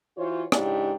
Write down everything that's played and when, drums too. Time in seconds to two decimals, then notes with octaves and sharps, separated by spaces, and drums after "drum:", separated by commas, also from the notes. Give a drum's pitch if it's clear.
0.17 E3 F4 F#4 C5 C#5
0.52 G#2 C#3 D4 E4 G4, drum: rim click